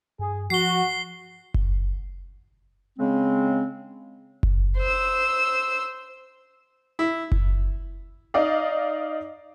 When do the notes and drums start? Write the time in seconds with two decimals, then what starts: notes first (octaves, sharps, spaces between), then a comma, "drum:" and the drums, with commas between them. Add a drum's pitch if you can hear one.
0.19 G2 G#4
0.50 F3 F#4 C7 G7
1.54 drum: kick F#1
2.99 C#3 G#3 C4
4.43 drum: kick F#1
4.78 C5 E6
6.99 E4
7.32 drum: kick F#1
8.34 D#4 D5 D#5 F5